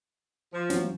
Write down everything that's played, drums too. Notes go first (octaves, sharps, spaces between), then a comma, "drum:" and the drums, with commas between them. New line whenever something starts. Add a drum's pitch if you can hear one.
F3
E3 F#3 C#4, drum: snare